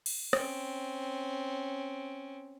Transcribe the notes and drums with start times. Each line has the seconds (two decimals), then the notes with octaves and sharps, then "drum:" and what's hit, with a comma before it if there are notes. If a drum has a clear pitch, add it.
0.06 drum: cymbal
0.33 C4 C#4, drum: rim click